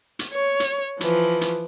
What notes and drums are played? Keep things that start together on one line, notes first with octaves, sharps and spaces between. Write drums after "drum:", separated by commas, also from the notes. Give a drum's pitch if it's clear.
drum: hi-hat
C#5
drum: hi-hat
E3 F3, drum: hi-hat
drum: hi-hat